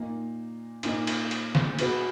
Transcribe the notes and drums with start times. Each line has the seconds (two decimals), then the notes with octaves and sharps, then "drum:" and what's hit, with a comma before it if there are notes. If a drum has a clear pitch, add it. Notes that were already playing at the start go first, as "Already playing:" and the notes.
Already playing: A#2 A#3 D#4
0.83 A#2 A#3 D#4, drum: cymbal
1.07 drum: cymbal
1.31 drum: cymbal
1.55 drum: snare
1.79 B2 G#3 B3 F#4 B4, drum: cymbal